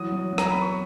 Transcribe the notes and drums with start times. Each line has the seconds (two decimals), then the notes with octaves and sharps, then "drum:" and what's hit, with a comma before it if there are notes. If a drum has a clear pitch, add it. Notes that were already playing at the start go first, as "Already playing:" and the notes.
Already playing: E3 F#3 D#6
0.12 F#3
0.33 F#3
0.38 A#5, drum: rim click
0.50 B3 B5
0.62 C#6